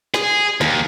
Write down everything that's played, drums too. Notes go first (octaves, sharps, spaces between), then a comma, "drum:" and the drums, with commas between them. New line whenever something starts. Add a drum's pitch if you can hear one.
G#4, drum: snare
D#2, drum: snare